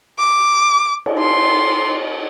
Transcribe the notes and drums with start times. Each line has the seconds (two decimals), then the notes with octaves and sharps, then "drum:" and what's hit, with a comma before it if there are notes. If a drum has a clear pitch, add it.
0.19 D6
1.06 drum: cymbal
1.19 C6